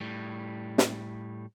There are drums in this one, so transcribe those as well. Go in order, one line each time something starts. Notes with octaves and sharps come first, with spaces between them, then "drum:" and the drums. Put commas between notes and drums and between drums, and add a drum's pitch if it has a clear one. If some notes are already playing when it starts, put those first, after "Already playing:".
A2 G3
drum: snare